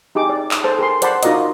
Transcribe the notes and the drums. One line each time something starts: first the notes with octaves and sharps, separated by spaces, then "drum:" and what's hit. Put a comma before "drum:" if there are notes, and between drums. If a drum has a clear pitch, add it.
D#4 G4 G#4 D6
D5
drum: clap
G#4 A4 C5 A5
G#4 A#4 G5 C6
C5 D5 F#5 A5 B5 C6, drum: hi-hat
D#4 F4 F#4 A#4 D5 D#5, drum: hi-hat